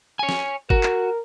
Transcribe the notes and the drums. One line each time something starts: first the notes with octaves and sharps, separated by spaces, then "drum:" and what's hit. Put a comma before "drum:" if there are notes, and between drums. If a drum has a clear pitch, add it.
C#5 G#5
drum: snare
F#4 A#4, drum: kick G1
drum: clap